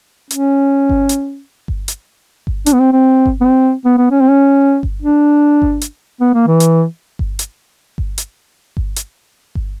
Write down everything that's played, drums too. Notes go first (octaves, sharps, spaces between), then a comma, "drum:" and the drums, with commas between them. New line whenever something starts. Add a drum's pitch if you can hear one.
C#4, drum: hi-hat
drum: kick G1
drum: hi-hat
drum: kick G1
drum: hi-hat
drum: kick G1
D4, drum: hi-hat
B3
C4
C4
drum: kick G1
B3
C4
B3
B3
C#4
C4
C#4
drum: kick G1
D4
drum: kick G1
drum: hi-hat
B3
A#3
E3
drum: hi-hat
drum: kick G1
drum: hi-hat
drum: kick G1
drum: hi-hat
drum: kick G1
drum: hi-hat
drum: kick G1